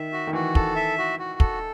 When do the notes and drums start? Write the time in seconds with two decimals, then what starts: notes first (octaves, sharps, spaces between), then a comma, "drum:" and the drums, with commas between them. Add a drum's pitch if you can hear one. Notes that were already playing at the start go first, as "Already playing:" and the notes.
Already playing: D#3 E5
0.12 F#4
0.27 D#3
0.33 E3 F#4
0.55 A4, drum: kick
0.76 E5
0.98 F#4
1.19 F#4
1.40 A4, drum: kick